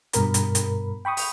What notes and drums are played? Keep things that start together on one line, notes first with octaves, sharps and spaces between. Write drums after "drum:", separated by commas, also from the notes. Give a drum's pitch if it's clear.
G2 B2 A#4 B5, drum: hi-hat
drum: hi-hat
drum: hi-hat
G5 B5 C#6 D#6
drum: open hi-hat